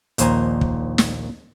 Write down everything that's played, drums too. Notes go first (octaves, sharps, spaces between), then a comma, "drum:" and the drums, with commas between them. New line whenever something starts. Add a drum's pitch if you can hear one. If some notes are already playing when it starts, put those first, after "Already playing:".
A#1 D#2 A#2 C5 G#5 A#5, drum: hi-hat
drum: kick
drum: snare